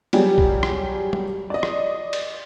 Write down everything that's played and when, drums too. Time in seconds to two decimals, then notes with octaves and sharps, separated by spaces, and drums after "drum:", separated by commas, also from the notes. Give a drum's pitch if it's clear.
0.13 F#3 G3 G4 G#4, drum: cymbal
0.38 drum: kick A#1
0.63 drum: rim click
1.13 drum: tom F#3
1.50 D5 D#5
1.63 drum: rim click
2.13 drum: cymbal